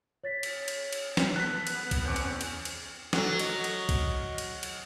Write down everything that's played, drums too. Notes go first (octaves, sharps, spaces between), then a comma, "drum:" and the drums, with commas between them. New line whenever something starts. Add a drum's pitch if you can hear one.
C#5 A6 B6
drum: cymbal
drum: cymbal
drum: cymbal
drum: snare
B3 A4 F#6 B6
drum: cymbal
drum: kick, cymbal
E2 C4 C#4 D5 F#5 D6
drum: cymbal
drum: cymbal
drum: cymbal
F#3 A4, drum: snare
D#5, drum: cymbal
drum: cymbal
drum: kick, cymbal
drum: cymbal
drum: cymbal